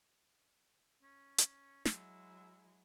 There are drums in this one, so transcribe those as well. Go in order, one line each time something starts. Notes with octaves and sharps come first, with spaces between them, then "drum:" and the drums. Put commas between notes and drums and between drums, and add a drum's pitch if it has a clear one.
C#4
drum: hi-hat
F#3 G#3 E4 E6, drum: snare